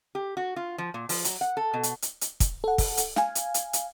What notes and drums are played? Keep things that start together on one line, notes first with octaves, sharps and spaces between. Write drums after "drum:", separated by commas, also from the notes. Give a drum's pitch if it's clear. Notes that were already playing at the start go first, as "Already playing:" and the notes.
G4
F#4
F4
F3
A#2
F3, drum: open hi-hat
F#3, drum: hi-hat
F#5
A4
B2
drum: hi-hat
drum: hi-hat
drum: hi-hat
drum: kick, hi-hat
A4 F#5
drum: kick, open hi-hat
drum: hi-hat
F5 G#5, drum: snare
drum: hi-hat
drum: hi-hat
drum: hi-hat